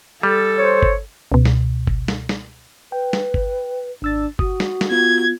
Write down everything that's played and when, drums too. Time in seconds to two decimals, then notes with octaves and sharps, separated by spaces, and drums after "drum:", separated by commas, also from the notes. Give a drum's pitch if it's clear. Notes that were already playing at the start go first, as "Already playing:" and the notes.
0.23 G3 A4
0.58 C5 C#5
0.83 drum: kick G1
1.32 C#2 B2
1.45 drum: snare
1.87 drum: kick G1
2.08 drum: snare
2.29 drum: snare
2.92 B4 G5
3.13 drum: snare
3.34 drum: kick G1
4.02 G#1 D4 E6 A6
4.39 F#4 D#6, drum: kick G1
4.60 drum: snare
4.81 drum: snare
4.91 B3 F4 G#6